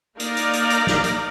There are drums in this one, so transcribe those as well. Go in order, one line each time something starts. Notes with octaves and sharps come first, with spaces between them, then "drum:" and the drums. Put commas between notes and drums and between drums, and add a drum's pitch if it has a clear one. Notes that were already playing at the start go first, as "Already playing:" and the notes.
A#3 D#4 A#4 D5, drum: hi-hat
drum: hi-hat
drum: hi-hat
drum: hi-hat
drum: snare
drum: hi-hat